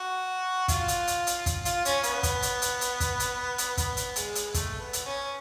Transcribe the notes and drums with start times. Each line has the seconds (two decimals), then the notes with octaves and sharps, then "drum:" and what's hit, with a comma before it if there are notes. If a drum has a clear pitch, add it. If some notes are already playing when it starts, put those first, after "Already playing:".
Already playing: F#4
0.68 F4, drum: kick, hi-hat
0.88 drum: hi-hat
1.07 drum: hi-hat
1.27 drum: hi-hat
1.46 drum: kick, hi-hat
1.65 F4, drum: hi-hat
1.85 C#4, drum: hi-hat
2.03 B3, drum: hi-hat
2.23 drum: kick, hi-hat
2.42 drum: hi-hat
2.62 drum: hi-hat
2.81 drum: hi-hat
3.00 drum: kick, hi-hat
3.20 drum: hi-hat
3.58 drum: hi-hat
3.77 B3, drum: kick, hi-hat
3.97 drum: hi-hat
4.16 G#3, drum: hi-hat
4.35 drum: hi-hat
4.54 A3, drum: kick, hi-hat
4.80 B3
4.93 drum: hi-hat
5.05 C#4